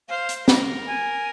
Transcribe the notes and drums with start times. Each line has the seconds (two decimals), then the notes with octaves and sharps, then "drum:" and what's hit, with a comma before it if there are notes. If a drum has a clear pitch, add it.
0.09 C5 F5
0.29 drum: hi-hat
0.48 A#4, drum: snare
0.87 G#5